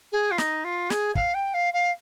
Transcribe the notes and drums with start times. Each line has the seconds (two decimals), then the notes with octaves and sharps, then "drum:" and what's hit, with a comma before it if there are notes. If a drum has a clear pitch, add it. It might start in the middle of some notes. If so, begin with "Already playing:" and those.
0.12 G#4
0.31 F4
0.38 D#4, drum: snare
0.64 F4
0.90 G#4, drum: snare
1.15 F5, drum: kick
1.34 G5
1.54 F5
1.74 F5